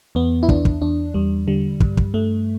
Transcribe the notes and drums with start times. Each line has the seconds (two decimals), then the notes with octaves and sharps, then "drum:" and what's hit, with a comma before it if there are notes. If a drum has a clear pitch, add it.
0.15 E2 B3
0.43 E4
0.49 E2 D4, drum: kick
0.65 drum: kick
0.82 E2 D4
1.14 E2 G3
1.47 D3 G3
1.80 G2, drum: kick
1.97 drum: kick
2.14 G2 A3